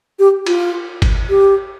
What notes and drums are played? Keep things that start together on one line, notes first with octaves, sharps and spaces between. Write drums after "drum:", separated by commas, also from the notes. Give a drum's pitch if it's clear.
G4
F4, drum: cymbal
drum: kick G1, cymbal
G4